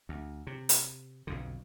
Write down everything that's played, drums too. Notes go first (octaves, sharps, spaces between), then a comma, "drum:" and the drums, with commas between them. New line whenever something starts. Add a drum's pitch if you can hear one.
D2
C3
drum: hi-hat
B1 F2 D3